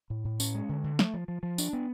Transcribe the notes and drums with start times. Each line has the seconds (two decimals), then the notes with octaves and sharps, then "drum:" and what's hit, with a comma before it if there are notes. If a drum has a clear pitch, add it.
0.10 A2
0.24 A2
0.40 C#4, drum: tambourine
0.55 G#3
0.69 D3
0.84 D3
0.99 A3, drum: snare
1.14 F3
1.28 F3
1.43 F3
1.58 D4, drum: tambourine
1.73 B3